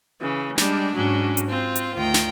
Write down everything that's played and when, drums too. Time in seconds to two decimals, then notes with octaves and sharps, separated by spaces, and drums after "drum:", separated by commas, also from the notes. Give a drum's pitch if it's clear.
0.21 C#3 E3
0.58 G3 G#3 D4, drum: snare
0.94 G#2 F#3 C#4 D4
1.37 drum: hi-hat
1.48 C4 F4
1.76 drum: hi-hat
1.95 D2 D#3 F4 G5 A#5
2.14 drum: snare